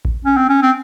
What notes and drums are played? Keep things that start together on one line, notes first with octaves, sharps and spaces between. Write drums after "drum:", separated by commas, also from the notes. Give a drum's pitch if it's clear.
drum: kick A1
C#4
C4
C#4
C4